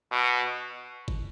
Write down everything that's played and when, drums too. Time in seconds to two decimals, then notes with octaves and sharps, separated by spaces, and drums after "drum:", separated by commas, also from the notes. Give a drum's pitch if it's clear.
0.12 B2
1.08 drum: kick G1